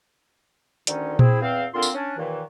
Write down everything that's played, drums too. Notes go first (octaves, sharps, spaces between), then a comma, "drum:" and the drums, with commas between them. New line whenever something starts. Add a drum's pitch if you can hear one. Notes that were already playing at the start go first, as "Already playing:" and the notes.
D2 D3 D#3 C#4 D#4, drum: hi-hat
C4 E4 G#4, drum: tom A#2
E2 C4 F5
D3 A#3 C4 F4 A#4 C6
drum: tambourine
C#4 D4
D#2 A#2 D#3 E3